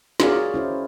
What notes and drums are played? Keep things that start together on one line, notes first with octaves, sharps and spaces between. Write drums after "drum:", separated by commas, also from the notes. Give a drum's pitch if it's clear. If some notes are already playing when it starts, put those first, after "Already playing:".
F#4 G#4 A#4 C#5 D5 F5, drum: snare
C#4 E4 C5